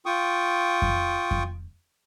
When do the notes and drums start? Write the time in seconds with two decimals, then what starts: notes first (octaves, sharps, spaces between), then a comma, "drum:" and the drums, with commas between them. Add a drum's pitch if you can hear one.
0.06 F4 G5 C#6 D#6
0.82 drum: kick F2
1.31 drum: kick F2